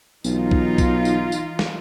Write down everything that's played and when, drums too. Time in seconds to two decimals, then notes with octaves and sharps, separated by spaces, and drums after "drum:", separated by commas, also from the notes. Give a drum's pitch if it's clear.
0.24 B1 E3 D#4 F4, drum: tambourine
0.51 drum: kick B1
0.78 drum: kick B1, tambourine
1.05 drum: tambourine
1.32 drum: tambourine
1.59 drum: snare